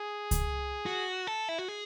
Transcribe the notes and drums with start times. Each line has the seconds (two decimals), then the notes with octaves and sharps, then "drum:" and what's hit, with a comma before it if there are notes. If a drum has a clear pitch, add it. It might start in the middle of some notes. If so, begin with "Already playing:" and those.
Already playing: G#4
0.31 drum: kick C#2, hi-hat
0.86 F#4
1.27 A4
1.49 E4
1.58 F#4
1.68 G#4